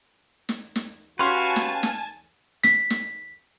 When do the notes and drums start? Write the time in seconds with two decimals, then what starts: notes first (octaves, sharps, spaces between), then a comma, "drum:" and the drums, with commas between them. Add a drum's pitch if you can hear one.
0.49 drum: snare
0.76 drum: snare
1.19 C#4 F#4 G4 B4 F5 G#5 A5 C6
1.56 drum: snare
1.83 drum: snare
2.64 B6, drum: snare
2.90 drum: snare